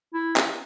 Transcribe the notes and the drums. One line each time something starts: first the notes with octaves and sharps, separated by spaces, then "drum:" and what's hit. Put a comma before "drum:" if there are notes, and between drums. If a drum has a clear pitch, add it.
E4
drum: clap